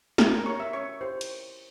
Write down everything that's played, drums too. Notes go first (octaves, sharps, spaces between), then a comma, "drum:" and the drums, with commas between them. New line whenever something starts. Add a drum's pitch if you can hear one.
C#4 A#4 A#5, drum: snare
A#4 A#5
E4 G4 A#4 C#5 C#6
E5 E6
C#4 C#5 C#6
E4 G4 A#4 C5 C6
drum: cymbal